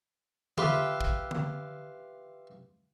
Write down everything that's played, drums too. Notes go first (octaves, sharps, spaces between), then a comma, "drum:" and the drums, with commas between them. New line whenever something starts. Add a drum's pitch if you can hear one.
F4 G4 B4 E5, drum: tom D3
drum: kick
drum: tom D3